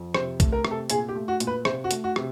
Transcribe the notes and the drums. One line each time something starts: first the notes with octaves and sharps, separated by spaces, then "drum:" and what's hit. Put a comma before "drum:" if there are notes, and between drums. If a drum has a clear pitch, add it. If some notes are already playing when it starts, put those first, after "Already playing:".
Already playing: F2
C3 C5, drum: rim click
A3, drum: kick, hi-hat
A#4
C3, drum: rim click
A4
A#2 G#4, drum: hi-hat
G4
A3
F#4
A#2, drum: hi-hat
B4
C3 C5, drum: rim click
F#4
A3, drum: hi-hat
F#4
C3, drum: rim click